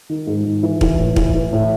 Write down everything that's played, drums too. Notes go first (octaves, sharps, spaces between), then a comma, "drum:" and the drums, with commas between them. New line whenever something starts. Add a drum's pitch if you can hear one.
D#3
G#2
G#2
E3
E3, drum: kick
A2
E3, drum: kick
E3
A2